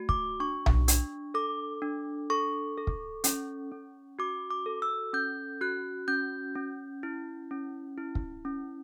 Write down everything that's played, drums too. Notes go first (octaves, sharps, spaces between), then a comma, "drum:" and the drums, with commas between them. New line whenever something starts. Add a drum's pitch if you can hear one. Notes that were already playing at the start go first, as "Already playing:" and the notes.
Already playing: A3 F#4
D6, drum: kick
D4 C#6
drum: tom B1
D4, drum: hi-hat
A4 D6
D4
A4 C#6
A4
drum: kick
C#4, drum: hi-hat
C#4
F#4 D6
D6
A4
E6
C#4 G6
F#4 F#6
C#4 G6
C#4
E4
C#4
E4
drum: kick
C#4